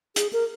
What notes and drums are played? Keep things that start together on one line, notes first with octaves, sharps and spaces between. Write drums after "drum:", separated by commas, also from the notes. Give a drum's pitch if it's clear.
G#4, drum: hi-hat
A#4